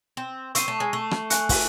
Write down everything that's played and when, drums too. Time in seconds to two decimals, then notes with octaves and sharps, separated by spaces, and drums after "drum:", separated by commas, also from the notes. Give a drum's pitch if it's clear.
0.17 C4
0.55 C4 C#6 E6 C7 D#7, drum: hi-hat
0.68 A3
0.80 G#3
0.93 A3
1.11 drum: rim click
1.30 G#5 C#6 F#6 C#7, drum: hi-hat
1.49 drum: kick, open hi-hat